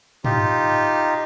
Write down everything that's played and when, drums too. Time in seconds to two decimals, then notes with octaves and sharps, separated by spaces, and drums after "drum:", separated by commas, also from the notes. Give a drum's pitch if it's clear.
0.25 D#4 F4 G4, drum: tom